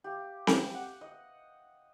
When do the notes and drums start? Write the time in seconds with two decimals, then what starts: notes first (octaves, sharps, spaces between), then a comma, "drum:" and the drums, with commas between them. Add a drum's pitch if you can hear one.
0.04 G4 F5
0.47 drum: snare C4
0.74 F#5
1.01 D#5